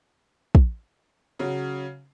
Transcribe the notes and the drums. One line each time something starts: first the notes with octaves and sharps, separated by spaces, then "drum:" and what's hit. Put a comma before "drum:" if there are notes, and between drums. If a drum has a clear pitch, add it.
drum: kick
C#3 F#3